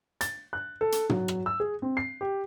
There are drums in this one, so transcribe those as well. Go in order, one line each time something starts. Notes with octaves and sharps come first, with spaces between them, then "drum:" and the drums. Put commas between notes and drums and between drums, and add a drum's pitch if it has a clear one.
A6, drum: hi-hat
F#6
A4
drum: hi-hat
F#3, drum: tom
drum: rim click
E6
G#4
C4
C7
G4